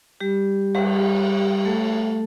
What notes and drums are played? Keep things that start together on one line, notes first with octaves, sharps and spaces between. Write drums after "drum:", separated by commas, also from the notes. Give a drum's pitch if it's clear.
G3 G4
G3 G4, drum: cymbal
A3 A4